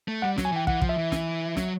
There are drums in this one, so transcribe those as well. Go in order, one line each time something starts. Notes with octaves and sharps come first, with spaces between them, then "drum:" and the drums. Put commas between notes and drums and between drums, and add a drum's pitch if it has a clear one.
A3
G3 F#5
F#3, drum: snare
G#5
E3 G5
E3 F#5, drum: kick
F3, drum: kick
E5
E3
drum: snare
F#3, drum: snare